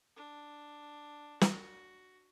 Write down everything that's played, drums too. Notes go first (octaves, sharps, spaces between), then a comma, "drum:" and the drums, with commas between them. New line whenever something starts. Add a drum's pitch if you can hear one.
D4
F#4, drum: snare